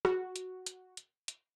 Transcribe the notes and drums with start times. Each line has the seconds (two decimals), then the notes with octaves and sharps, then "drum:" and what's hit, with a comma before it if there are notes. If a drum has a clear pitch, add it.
0.05 F#4, drum: rim click
0.36 drum: hi-hat
0.66 drum: hi-hat
0.97 drum: hi-hat
1.28 drum: hi-hat